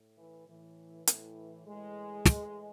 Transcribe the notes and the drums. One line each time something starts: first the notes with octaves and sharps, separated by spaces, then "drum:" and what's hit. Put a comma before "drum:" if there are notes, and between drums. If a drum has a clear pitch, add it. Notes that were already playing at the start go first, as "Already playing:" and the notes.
Already playing: A2
E3
A2 E3
A2 E3, drum: hi-hat
A2 E3 G#3
A2 E3, drum: snare